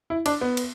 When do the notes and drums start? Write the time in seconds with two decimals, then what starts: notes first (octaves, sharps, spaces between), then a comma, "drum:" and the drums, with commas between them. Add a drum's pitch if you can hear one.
0.10 E4
0.26 D4, drum: cymbal
0.41 B3
0.57 drum: cymbal